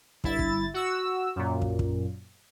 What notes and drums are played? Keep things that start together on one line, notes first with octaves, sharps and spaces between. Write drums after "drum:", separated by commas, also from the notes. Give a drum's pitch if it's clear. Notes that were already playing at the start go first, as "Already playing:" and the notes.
G1 E4 A6, drum: kick
drum: kick
F#4 E6
F#2 A#2
drum: kick
drum: kick